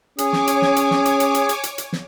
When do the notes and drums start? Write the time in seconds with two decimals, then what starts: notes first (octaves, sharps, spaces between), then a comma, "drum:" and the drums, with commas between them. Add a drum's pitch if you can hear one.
0.18 C#4 G#4 C#5 G#5 D6, drum: hi-hat
0.33 drum: snare
0.47 drum: hi-hat
0.62 drum: snare
0.76 drum: hi-hat
0.91 drum: snare
1.05 drum: hi-hat
1.20 drum: hi-hat
1.34 drum: hi-hat
1.49 drum: hi-hat
1.64 drum: hi-hat
1.78 drum: hi-hat
1.93 drum: snare